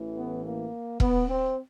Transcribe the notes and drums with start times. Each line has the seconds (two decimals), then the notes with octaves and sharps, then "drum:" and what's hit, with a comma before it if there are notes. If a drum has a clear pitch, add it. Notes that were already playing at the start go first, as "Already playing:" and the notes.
Already playing: A1 A2 E3
0.15 B3
0.44 A#3
1.00 B3, drum: kick E1
1.28 C4